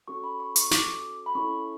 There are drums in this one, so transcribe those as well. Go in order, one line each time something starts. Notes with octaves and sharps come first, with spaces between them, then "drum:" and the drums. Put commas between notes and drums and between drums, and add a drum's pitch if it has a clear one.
C#4 F#4 A4 C#6
B5
C#6
C#6, drum: hi-hat
D6, drum: snare
B5
C#4 E4 A4 C#6